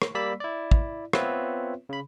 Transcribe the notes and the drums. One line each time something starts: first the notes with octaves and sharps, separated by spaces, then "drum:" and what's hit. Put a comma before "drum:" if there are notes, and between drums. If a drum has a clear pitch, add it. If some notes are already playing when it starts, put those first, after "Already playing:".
drum: rim click
G3 A#3 D5 B5 E6 B6
E4 D5
drum: kick
B3 C4 F4 B4 C#5 E5, drum: rim click
C#3 B5